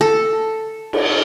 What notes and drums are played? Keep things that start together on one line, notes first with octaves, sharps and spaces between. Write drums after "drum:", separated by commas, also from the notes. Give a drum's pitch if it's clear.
A4
drum: cymbal